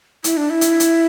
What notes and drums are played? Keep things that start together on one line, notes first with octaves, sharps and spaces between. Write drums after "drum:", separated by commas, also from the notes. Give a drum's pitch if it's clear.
E4, drum: hi-hat
D4
E4
drum: hi-hat
drum: hi-hat